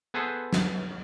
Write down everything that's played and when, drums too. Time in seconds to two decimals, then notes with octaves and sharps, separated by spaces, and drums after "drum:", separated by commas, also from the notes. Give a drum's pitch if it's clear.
0.14 B3 G#4 A4 B4 C5
0.53 drum: snare